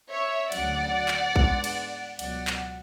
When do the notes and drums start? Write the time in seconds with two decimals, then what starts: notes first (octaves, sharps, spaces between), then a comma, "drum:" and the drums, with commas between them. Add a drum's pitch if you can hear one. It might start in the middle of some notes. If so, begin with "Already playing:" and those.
0.11 C#5 E5
0.52 D2 C#3 F#3 D5 F#5, drum: cymbal
1.08 drum: clap
1.36 G#2 G#3 B3 D4, drum: kick A#1
1.64 drum: cymbal
2.19 C#2 B2 F#3 D5 F#5, drum: cymbal
2.47 drum: clap